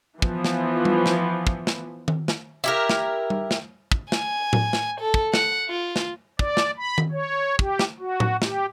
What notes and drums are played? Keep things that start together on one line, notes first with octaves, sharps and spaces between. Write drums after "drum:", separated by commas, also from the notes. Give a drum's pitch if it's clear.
E3 F3 B3, drum: kick
drum: snare
drum: tom G3
drum: snare
drum: kick
drum: snare
drum: tom D#3
drum: snare
E4 G4 A#4
drum: snare
drum: tom G3
drum: snare
drum: kick
G#5, drum: snare
drum: tom A2
drum: snare
A4
drum: kick
F#5, drum: snare
F4
drum: snare
D5, drum: kick
drum: snare
B5
drum: tom D#3
C#5
G4, drum: kick
drum: snare
F#4
drum: tom A2
G4, drum: snare